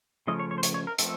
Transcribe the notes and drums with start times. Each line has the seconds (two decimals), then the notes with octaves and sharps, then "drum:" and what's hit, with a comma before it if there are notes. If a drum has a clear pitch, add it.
0.27 C#3 F3 A3 C#4 D#5
0.39 C#5
0.51 C#5
0.58 C5
0.63 C#5, drum: hi-hat
0.74 C#5
0.87 A#4
0.98 F3 A3 C4 A4, drum: hi-hat